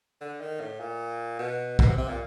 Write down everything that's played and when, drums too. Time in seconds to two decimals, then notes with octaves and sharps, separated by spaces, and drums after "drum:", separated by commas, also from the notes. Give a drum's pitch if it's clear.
0.21 D3
0.41 D#3
0.60 A2
0.80 A#2
1.39 B2
1.79 B2, drum: kick A#1
1.88 C3
1.98 C3
2.08 A#2